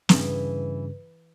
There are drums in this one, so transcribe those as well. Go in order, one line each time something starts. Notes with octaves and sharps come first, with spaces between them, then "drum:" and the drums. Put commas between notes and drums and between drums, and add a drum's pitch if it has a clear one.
G2 C#3 E3, drum: snare